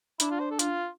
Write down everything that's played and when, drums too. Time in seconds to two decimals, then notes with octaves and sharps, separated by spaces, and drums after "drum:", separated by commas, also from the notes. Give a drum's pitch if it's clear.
0.20 D4 E4, drum: hi-hat
0.31 F4
0.40 C5
0.51 A4
0.59 F4, drum: hi-hat